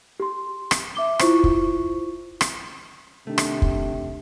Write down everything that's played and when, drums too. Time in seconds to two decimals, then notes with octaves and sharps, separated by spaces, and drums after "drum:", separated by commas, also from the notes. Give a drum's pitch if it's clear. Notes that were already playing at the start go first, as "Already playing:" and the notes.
0.20 G4 C6
0.71 drum: rim click
0.95 E5 D6 G7
1.19 E4 F4 C5 C#6, drum: rim click
1.44 drum: kick
2.41 drum: rim click
3.27 C3 D#3 A3 D4
3.38 drum: rim click
3.62 drum: kick